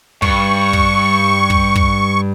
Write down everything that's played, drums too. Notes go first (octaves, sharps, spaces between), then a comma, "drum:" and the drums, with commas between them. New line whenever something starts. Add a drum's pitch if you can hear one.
G2 C#6, drum: kick
drum: kick
drum: kick
drum: kick